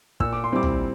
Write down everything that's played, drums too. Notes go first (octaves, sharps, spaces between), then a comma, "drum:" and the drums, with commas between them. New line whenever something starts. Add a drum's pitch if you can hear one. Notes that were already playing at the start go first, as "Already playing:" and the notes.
A#2 E6, drum: kick
D6
C6
G3 C4 E4 D6
drum: tom